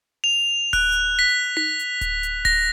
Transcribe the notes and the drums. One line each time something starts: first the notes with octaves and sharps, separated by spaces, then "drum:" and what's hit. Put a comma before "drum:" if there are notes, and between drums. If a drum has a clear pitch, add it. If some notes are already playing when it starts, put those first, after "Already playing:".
F7
F#6, drum: kick D1, open hi-hat
drum: hi-hat
B6
B6, drum: tom D#4
drum: hi-hat
drum: kick D1, hi-hat
drum: hi-hat
A#6, drum: kick D1, open hi-hat